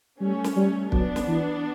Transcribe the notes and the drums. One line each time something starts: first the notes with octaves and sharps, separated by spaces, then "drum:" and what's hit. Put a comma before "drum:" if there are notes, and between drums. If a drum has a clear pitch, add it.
G3 A3 C#4
drum: snare
G3
F#3 B3 D4, drum: kick
drum: snare
E3